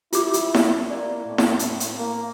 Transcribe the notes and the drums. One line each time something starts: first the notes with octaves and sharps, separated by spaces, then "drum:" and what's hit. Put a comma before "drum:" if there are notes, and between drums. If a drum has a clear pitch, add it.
E4 F4 G4 D6, drum: hi-hat
drum: hi-hat
drum: snare E4
A#3 D5
A2
drum: snare E4
drum: hi-hat
drum: hi-hat
A#3